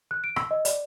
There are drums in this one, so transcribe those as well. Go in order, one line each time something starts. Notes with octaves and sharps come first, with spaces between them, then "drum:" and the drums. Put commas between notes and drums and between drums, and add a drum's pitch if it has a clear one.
F#6
D7
E6, drum: rim click
D#5
D5, drum: hi-hat